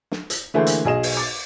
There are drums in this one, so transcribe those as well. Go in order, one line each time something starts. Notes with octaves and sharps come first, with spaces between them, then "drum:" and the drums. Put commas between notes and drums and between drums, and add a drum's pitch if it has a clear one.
drum: snare
drum: hi-hat
D3 E3 A3 A#3 G#4 C5
drum: hi-hat
B1 G#4 D#5 E7
drum: open hi-hat
D6 A6